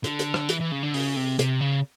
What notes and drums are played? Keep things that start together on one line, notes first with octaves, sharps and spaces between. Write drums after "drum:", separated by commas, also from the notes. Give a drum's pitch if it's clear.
D3, drum: hi-hat
drum: hi-hat
drum: rim click
E3, drum: hi-hat
E3
C#3
D3
C#3, drum: open hi-hat
C3
C3, drum: hi-hat
C#3